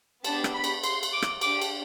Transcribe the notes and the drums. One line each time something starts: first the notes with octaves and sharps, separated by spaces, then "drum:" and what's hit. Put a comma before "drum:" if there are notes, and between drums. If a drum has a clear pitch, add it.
B3 D4 G4 A5, drum: cymbal
drum: rim click
B5
drum: cymbal
C6, drum: cymbal
drum: cymbal
D6
drum: rim click
D4 G4 D6, drum: cymbal
drum: cymbal